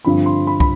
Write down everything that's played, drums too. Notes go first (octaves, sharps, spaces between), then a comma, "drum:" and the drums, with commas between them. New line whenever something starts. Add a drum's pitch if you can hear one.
G2 D3 F3 C4 B5
C6
B5
B5, drum: kick